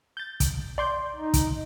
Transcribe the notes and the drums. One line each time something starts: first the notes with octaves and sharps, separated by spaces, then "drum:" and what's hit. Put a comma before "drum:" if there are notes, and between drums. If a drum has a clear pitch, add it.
G6 A6
drum: kick, hi-hat
D5 C6 G6
D#4
drum: kick, hi-hat